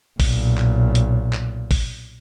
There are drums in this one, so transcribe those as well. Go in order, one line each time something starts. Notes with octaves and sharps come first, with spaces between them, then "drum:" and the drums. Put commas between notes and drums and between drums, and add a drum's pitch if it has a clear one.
B1 A#2, drum: kick, open hi-hat
drum: clap
drum: hi-hat
drum: clap
drum: kick, open hi-hat